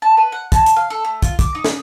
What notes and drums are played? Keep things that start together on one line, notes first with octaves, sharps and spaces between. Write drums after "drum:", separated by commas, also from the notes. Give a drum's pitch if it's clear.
A5
B4
F#5
A5, drum: kick, hi-hat
drum: hi-hat
F5
A4
A3
F4, drum: kick, hi-hat
D6, drum: kick, hi-hat
D#4
drum: snare